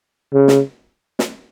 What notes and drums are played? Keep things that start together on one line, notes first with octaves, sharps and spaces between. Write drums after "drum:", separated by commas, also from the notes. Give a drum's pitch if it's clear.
C#3
drum: snare
drum: snare